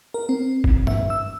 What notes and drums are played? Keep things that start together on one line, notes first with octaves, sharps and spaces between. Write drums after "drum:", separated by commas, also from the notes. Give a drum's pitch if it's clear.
A#4
C4
drum: kick
E5, drum: tom
E6